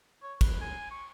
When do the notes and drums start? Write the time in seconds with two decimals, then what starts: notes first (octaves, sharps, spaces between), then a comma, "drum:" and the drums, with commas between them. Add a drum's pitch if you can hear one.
0.22 C#5
0.41 B4, drum: kick, cymbal
0.61 G#5
0.91 C#6